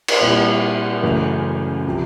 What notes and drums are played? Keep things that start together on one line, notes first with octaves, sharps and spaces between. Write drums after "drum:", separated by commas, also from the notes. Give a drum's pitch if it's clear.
drum: cymbal
A#2 G3 C4 E4
F#2 C#3 E3 A3
C3 F3